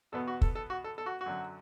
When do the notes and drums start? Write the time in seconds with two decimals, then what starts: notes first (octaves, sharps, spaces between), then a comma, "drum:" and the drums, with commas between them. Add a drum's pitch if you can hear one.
0.12 E2 B2 B3 A4
0.28 F#4
0.41 A4, drum: kick
0.55 A4
0.70 F#4
0.84 A4
0.98 A4
1.06 F#4
1.21 F#4
1.26 F#2 D3 F#3